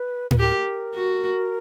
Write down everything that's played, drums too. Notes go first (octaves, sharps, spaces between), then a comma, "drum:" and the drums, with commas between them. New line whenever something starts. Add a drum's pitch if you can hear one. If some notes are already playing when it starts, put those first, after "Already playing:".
Already playing: B4
B4, drum: tom A2
G4 A#4
F#4